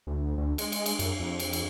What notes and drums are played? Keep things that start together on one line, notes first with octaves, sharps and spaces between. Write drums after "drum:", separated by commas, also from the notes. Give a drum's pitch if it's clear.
D2
D2
G#3, drum: cymbal
drum: cymbal
drum: cymbal
F#2, drum: cymbal
F2
drum: cymbal
drum: cymbal